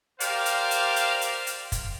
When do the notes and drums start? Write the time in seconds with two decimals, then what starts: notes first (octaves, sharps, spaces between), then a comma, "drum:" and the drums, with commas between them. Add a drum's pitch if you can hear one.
0.20 G4 A#4 C5 D5 F5, drum: hi-hat
0.46 drum: hi-hat
0.71 drum: hi-hat
0.96 drum: hi-hat
1.21 drum: hi-hat
1.47 drum: hi-hat
1.72 drum: kick, hi-hat